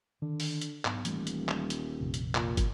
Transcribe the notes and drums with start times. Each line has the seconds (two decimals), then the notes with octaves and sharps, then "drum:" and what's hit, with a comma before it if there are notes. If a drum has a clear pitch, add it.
0.22 D3 D#3
0.40 drum: open hi-hat
0.61 drum: hi-hat
0.85 B1 G#2, drum: clap
1.05 D#1 E3 G3 A3, drum: hi-hat
1.27 drum: hi-hat
1.49 drum: clap
1.70 drum: hi-hat
2.00 A#1 F2 C3
2.14 drum: hi-hat
2.35 A#2, drum: clap
2.57 drum: kick, hi-hat